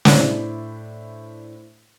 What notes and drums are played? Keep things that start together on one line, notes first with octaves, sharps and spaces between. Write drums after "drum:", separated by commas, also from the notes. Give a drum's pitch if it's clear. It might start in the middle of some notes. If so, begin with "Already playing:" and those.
A2 D4 E4 C5 D5, drum: snare